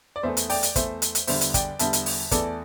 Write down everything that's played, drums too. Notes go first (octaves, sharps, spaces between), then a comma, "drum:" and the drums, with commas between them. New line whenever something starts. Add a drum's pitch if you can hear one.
D5
E2 E3 A3 C5 E5
drum: hi-hat
D5 G5, drum: open hi-hat
drum: hi-hat
E2 E3 A3 C5 E5, drum: kick, hi-hat
drum: hi-hat
drum: hi-hat
E2 D3 G3 C5 E5, drum: open hi-hat
drum: hi-hat
D5 G5, drum: kick, hi-hat
E2 D3 G3 E5 A5, drum: hi-hat
drum: hi-hat
drum: open hi-hat
E2 E3 A3 A4 D5, drum: kick, hi-hat